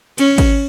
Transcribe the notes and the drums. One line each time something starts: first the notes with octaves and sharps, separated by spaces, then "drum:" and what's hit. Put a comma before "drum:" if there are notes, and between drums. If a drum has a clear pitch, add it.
C#4, drum: cymbal
drum: kick, cymbal